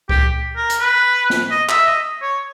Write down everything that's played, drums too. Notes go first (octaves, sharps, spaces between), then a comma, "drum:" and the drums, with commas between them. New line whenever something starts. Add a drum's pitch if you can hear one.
G4, drum: kick C#2
A#4
drum: hi-hat
B4
drum: snare
D#5
E5, drum: clap
D#5
C#5